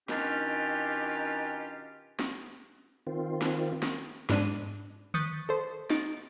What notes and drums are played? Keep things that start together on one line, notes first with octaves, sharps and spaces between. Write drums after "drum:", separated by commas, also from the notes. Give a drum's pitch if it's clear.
B2 D#3 C#4 D4 F4 G4, drum: snare
drum: snare
D#3 C4 F4
drum: snare
drum: snare
G#2 D4 D#7, drum: snare
C#6 D#6 F#6 G6 A6 B6, drum: tom D3
A4 C5
D#4 A6 D7, drum: snare